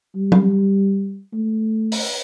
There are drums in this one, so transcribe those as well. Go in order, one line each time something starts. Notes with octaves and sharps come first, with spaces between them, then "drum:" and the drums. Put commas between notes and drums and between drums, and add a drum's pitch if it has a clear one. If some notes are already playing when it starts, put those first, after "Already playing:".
G3
drum: tom F#3
A3
drum: open hi-hat